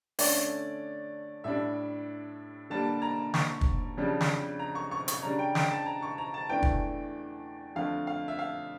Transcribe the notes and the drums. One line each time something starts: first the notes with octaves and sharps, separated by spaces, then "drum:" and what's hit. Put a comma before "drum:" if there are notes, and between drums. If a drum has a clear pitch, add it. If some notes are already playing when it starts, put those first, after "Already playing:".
D3 A3 C#4 D5, drum: open hi-hat
A2 G3 D4 E5
D3 G3 A#3 A5
A#5
C#6, drum: snare
drum: kick
F2 C#3 G3 D4
drum: snare
A#5
C#6
C#6
C#6, drum: hi-hat
C#3 G3 D4 A#5
G5
G5, drum: snare
A5
A#5
C#6
A#5
A5
E2 E3 A3 D4 G5
drum: kick
F2 D3 A3 F5
F5
E5
F5